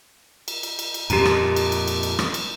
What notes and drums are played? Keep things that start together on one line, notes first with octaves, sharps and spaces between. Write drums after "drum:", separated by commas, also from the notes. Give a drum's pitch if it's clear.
drum: cymbal
drum: cymbal
drum: cymbal
drum: cymbal
F2 A#2 G4 A#5, drum: cymbal
drum: rim click
drum: cymbal
drum: cymbal
drum: cymbal
drum: cymbal
drum: rim click
drum: cymbal